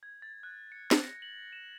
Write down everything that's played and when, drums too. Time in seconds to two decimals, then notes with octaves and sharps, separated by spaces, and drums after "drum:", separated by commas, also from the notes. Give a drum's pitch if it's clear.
0.03 G#6
0.22 A6
0.43 F#6
0.72 C#7
0.91 A6, drum: snare
1.03 A#6
1.22 F#7
1.53 E7